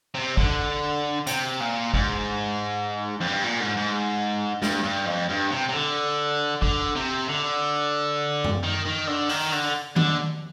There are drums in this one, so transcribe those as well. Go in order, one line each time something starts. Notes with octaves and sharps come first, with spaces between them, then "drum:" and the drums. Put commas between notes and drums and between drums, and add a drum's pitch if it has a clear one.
C3
D3, drum: kick G#1
C3, drum: hi-hat
A#2
G#2, drum: kick G#1
F2
G2
A#2
G#2
G#2
G2, drum: snare
G2
F2
G2
C3
C3
D3
D3, drum: kick G#1
C3
D3
drum: tom F#2
D#3
D#3
D3
D#3, drum: open hi-hat
D3
D3, drum: tom D#3